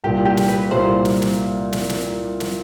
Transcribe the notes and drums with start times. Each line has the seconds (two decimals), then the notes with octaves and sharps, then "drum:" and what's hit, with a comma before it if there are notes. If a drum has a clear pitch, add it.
0.04 C2 A#2 G3 G4
0.25 G4
0.37 drum: snare
0.48 B4
0.71 C2 A#2 G3 A#3 C5
1.05 drum: snare
1.22 drum: snare
1.73 drum: snare
1.89 drum: snare
2.40 drum: snare